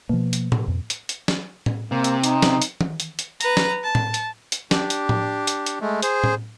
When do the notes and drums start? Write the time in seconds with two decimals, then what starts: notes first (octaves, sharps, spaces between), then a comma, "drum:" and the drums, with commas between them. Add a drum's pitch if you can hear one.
0.09 B2 F3 A#3
0.33 drum: hi-hat
0.52 drum: tom A2
0.68 F2
0.90 drum: hi-hat
1.09 drum: hi-hat
1.28 drum: snare
1.66 drum: tom A2
1.92 C3 A#3
2.04 drum: hi-hat
2.24 D#4, drum: hi-hat
2.42 drum: snare
2.62 drum: hi-hat
2.81 drum: tom E3
3.00 drum: hi-hat
3.19 drum: hi-hat
3.41 B4 A#5, drum: hi-hat
3.57 drum: snare
3.84 A5
3.95 drum: tom A2
4.14 drum: hi-hat
4.52 drum: hi-hat
4.71 D4 G4, drum: snare
4.90 drum: hi-hat
5.09 drum: tom A2
5.47 drum: hi-hat
5.66 drum: hi-hat
5.81 G#3 A3
6.02 G#4 C5, drum: hi-hat
6.24 drum: tom A2